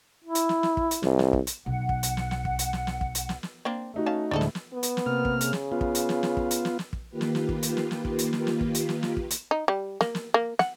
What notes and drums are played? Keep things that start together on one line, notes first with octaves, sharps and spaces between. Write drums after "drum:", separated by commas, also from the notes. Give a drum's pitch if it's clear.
E4
drum: hi-hat
drum: snare
drum: snare
drum: kick
drum: hi-hat
C2, drum: snare
drum: snare
drum: kick
drum: hi-hat
B1 F#5
drum: kick
drum: hi-hat
drum: snare
drum: snare
drum: kick
drum: hi-hat
drum: snare
drum: snare
drum: kick
drum: hi-hat
drum: snare
drum: snare
A#3 C4 D4
A3 D#4 F#4
C#4 F5 A5
D2 A2 G#3 D4 D#4 A4
drum: snare
drum: snare
B3
drum: hi-hat
drum: snare
C3 A#3 F6
drum: kick
C#3, drum: hi-hat
drum: snare
B3 F4
drum: kick
drum: hi-hat
drum: snare
drum: snare
drum: kick
drum: hi-hat
drum: snare
drum: snare
drum: kick
D#3 A#3 F4 G4 B4
drum: snare
drum: snare
drum: kick
drum: hi-hat
drum: snare
drum: snare
drum: kick
drum: hi-hat
drum: snare
drum: snare
drum: kick
drum: hi-hat
drum: snare
drum: snare
drum: kick
drum: hi-hat
D#4
G3
A#3, drum: snare
drum: snare
A#3
F#5, drum: snare